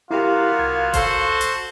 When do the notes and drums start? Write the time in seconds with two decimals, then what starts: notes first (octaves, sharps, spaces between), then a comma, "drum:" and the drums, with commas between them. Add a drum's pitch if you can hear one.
0.11 F#3 A#3 B3 E4 F4 G4
0.59 C2 G#6
0.94 F#4 A4 C5, drum: kick G1, hi-hat
1.41 drum: hi-hat